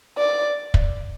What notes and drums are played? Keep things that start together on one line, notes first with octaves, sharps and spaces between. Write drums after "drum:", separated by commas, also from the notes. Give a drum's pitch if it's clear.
D5
drum: kick